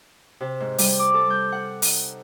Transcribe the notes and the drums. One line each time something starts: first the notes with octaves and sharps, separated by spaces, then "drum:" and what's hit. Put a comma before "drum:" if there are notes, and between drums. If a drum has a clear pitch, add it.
C3
G#2
G3, drum: open hi-hat
D6
A4
G6
F#5
D#4, drum: open hi-hat